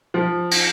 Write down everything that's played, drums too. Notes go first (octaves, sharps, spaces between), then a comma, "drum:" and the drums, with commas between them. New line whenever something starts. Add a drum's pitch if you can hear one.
F3
drum: cymbal